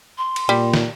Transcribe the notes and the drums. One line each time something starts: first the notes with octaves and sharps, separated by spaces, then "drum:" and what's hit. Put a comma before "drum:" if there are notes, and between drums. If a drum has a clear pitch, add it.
C6
drum: cymbal
A#2 G3
drum: snare